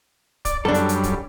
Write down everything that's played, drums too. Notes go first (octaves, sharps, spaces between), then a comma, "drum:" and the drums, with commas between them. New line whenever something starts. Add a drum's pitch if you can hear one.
D5, drum: kick, hi-hat
F#2 G3 D4 A4
drum: hi-hat
drum: hi-hat
drum: kick, hi-hat